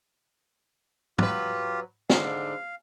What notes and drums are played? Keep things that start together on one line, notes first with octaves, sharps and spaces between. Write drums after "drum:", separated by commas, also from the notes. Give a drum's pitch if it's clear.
F#3 F4 G4 B4, drum: tom
G#2 D3 F5, drum: snare